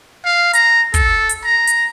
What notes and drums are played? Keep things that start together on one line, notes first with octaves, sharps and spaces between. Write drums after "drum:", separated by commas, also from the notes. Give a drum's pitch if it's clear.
F5
A#5, drum: hi-hat
A4, drum: kick, hi-hat
drum: hi-hat
A#5
drum: hi-hat